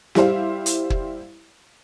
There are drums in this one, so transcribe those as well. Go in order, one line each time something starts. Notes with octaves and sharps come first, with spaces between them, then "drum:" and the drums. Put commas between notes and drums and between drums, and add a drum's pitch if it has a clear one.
G3 E4 G4 C5 F5, drum: snare
drum: hi-hat
drum: kick